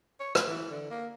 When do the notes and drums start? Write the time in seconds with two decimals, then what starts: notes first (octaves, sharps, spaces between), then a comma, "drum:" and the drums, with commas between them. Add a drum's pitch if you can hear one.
0.20 C#5
0.35 B4, drum: rim click
0.47 E3
0.71 D3
0.91 A#3